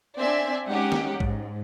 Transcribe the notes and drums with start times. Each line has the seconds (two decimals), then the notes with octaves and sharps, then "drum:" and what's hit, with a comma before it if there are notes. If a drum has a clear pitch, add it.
0.18 C4 D4 D5 E5 G#5
0.69 G#3 C#4 D#4 G4 F#5
0.92 drum: snare
1.20 G#2, drum: kick